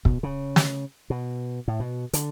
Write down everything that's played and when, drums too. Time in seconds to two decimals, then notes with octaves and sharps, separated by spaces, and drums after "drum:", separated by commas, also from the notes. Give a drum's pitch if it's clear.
0.05 B2, drum: kick
0.23 C#3
0.56 drum: snare
1.10 B2
1.68 A2
1.80 B2
2.13 D3, drum: hi-hat